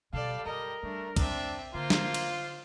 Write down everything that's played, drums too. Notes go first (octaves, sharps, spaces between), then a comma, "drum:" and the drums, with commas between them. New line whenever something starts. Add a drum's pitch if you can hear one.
B2 F#3 G3 A4 D5 F5
F#2 A#4 D#5
G3 A3 D4
C4 D4 E5, drum: kick, cymbal
D3 A#3 F4 C5
drum: snare
drum: cymbal